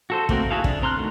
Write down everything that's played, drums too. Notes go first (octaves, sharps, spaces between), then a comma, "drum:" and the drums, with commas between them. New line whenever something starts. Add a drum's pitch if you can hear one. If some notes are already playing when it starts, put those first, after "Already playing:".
F#4 A4 C5
A3 A#3 C4 F#4 A#4, drum: kick
E4 F#4 G#4 A4 F5
D4, drum: kick
C4 A#5 C6 F6 F#6
D#3 A3 F#4